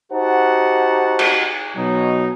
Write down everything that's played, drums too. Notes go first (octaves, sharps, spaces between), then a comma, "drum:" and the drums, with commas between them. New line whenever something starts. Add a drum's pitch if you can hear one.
D#4 F#4 G4 C5 F#5 A5
drum: cymbal
B2 F#3 D#4